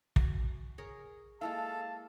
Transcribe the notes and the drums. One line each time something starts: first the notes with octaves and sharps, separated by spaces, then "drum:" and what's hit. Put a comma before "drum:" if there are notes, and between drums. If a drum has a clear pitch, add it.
F#4 G#5, drum: kick
G#4 A#4 C#5
G#3 A#3 E4 A4 F5 A5